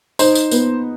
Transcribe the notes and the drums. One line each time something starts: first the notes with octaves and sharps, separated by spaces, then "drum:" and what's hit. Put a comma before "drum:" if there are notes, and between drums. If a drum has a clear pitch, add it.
D#4 C5, drum: tambourine
drum: tambourine
B3, drum: tambourine